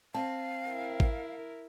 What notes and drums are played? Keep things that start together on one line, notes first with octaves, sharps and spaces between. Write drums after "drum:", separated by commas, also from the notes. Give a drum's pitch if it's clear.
C4 F5 A5
E4 A#4
drum: kick